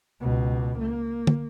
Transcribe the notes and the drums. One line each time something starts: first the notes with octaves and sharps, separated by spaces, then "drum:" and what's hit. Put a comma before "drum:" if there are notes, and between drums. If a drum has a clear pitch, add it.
C#2 B2
A#3
drum: tom